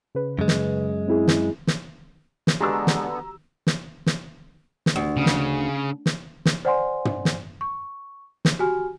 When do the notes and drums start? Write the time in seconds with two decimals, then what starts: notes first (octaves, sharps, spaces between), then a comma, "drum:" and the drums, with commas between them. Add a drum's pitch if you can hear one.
0.15 C#3 B4
0.39 F#2 G#3
0.48 drum: snare
1.08 C4 E4 G#4
1.28 drum: snare
1.67 drum: snare
2.47 drum: snare
2.61 D3 G#3 B3 D4 F#4 G4 A#5 E6
2.87 drum: snare
3.67 drum: snare
4.06 drum: snare
4.86 drum: snare
4.96 D2
5.17 C#3
5.26 drum: snare
6.06 drum: snare
6.46 drum: snare
6.65 C5 D5 F#5 G#5 C6
7.05 drum: tom
7.25 drum: snare
7.61 C#6
8.45 drum: snare
8.59 F#4 G4 G#5 F6